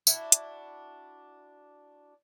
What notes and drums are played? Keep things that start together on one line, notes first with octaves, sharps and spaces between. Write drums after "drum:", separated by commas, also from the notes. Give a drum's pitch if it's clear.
D4 E4 F#4, drum: tambourine
drum: hi-hat